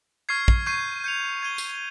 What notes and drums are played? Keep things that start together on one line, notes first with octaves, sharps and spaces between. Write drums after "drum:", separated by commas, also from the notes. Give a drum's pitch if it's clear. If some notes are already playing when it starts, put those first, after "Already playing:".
C#6 F6 G#6 C7
drum: kick
C#6 G6 C7 D#7
G6 C#7 F7
G#6 D#7 G7
drum: tambourine